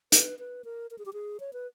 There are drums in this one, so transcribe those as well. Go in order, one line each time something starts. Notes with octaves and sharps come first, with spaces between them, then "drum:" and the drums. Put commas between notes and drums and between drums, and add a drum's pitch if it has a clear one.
B4, drum: hi-hat
B4
A#4
A#4
G#4
G4
G#4
C#5
B4